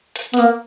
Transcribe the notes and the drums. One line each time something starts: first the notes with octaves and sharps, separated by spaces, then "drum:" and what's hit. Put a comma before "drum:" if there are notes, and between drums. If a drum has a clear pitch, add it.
drum: hi-hat
B3, drum: hi-hat
A#3